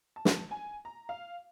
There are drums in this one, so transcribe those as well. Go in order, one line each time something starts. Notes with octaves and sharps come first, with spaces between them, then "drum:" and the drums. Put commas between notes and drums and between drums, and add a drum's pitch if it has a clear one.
A5
drum: snare
G#5
A#5
F5